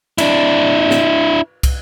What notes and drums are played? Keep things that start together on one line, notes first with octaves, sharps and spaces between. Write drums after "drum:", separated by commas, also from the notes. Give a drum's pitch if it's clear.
D4 E4, drum: cymbal
drum: snare
drum: kick, cymbal